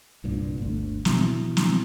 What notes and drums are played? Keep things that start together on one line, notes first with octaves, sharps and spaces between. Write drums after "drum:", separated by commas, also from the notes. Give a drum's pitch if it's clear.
C2 G2 A#2
G1 D2
B2 E3, drum: snare
drum: snare